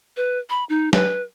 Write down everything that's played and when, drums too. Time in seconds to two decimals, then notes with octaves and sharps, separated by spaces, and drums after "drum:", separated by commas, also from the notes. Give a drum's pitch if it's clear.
0.16 B4
0.49 B5
0.69 D#4
0.93 B4, drum: snare